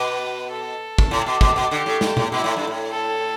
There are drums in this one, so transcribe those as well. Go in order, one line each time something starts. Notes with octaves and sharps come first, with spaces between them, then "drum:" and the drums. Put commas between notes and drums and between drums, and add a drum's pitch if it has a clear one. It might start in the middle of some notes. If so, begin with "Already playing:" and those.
Already playing: B2 B4
A4
drum: kick
A2
B2
B2, drum: kick
B2
D3 G4
A2
G2, drum: snare
A2, drum: tom B2
B2 E4
A2
G2
A2
A4